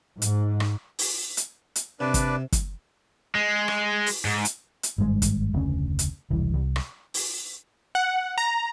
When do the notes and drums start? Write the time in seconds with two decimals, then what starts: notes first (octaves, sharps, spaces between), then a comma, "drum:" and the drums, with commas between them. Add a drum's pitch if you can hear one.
0.22 G#2, drum: hi-hat
0.60 drum: rim click
0.99 drum: open hi-hat
1.37 drum: hi-hat
1.76 drum: hi-hat
2.00 C3 D4 B4 D5
2.14 drum: kick, hi-hat
2.52 drum: kick, hi-hat
3.35 G#3
3.68 drum: rim click
4.06 drum: open hi-hat
4.25 G#2
4.45 drum: hi-hat
4.83 drum: hi-hat
4.98 G#1 G2 D3 G#3
5.22 drum: kick, hi-hat
5.54 F1 D2 C#3 C#4
5.99 drum: hi-hat
6.30 E1 C2 E3
6.54 C2
6.76 drum: rim click
7.14 drum: open hi-hat
7.95 F#5
8.38 A#5